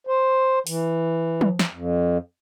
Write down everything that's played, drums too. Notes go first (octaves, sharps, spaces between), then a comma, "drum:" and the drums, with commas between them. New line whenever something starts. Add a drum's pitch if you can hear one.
C5
E3, drum: open hi-hat
drum: tom F3
drum: snare
F2